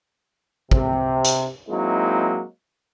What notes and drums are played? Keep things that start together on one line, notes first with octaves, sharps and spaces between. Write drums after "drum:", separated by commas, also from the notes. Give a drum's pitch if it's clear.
C3, drum: kick
drum: hi-hat
F#3 G#3 A#3 C4 D#4 E4